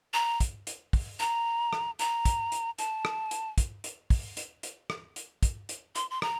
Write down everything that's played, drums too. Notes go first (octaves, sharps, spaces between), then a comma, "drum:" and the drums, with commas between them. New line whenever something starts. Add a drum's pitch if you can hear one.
A#5
drum: kick, hi-hat
drum: hi-hat
drum: kick, open hi-hat
A#5, drum: hi-hat
drum: rim click
A#5, drum: hi-hat
drum: kick, hi-hat
drum: hi-hat
A5, drum: hi-hat
drum: rim click
drum: hi-hat
drum: kick, hi-hat
drum: hi-hat
drum: kick, open hi-hat
drum: hi-hat
drum: hi-hat
drum: rim click
drum: hi-hat
drum: kick, hi-hat
drum: hi-hat
C6, drum: hi-hat
C6
A#5, drum: rim click